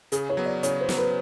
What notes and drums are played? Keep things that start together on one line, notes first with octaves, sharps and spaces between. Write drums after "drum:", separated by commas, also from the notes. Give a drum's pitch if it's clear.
C#3 G#4, drum: hi-hat
C#5
F#3 B3
D5
C#3 C#5, drum: hi-hat
C5
F#3 B3, drum: snare
B4